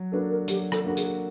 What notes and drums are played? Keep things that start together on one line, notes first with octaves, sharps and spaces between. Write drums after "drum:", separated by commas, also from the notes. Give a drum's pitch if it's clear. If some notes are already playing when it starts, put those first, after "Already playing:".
Already playing: F#3
A#3 D4 F#4 A4 B4
A#4
F#3 G4, drum: hi-hat
A4, drum: rim click
A#3 D4 F#4 A4
G#4, drum: hi-hat